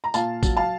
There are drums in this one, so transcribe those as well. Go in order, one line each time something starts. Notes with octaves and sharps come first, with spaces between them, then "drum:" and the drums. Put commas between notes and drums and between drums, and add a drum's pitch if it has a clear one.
A#5
A#2 F5 A5, drum: tambourine
F#3, drum: kick, tambourine
F5 A5